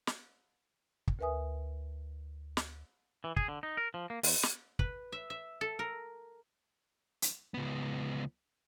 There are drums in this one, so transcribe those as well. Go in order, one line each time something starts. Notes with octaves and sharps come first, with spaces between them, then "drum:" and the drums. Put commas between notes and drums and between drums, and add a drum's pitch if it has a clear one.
drum: snare
drum: kick
D2 A#4 B4 E5 G#5 D#6
drum: snare
E3
G#4, drum: kick
D3
D#4
A#4
F3
A#3
E2, drum: open hi-hat
drum: snare
B4, drum: kick
E5
E5
A4
A#4
drum: hi-hat
C#2 B3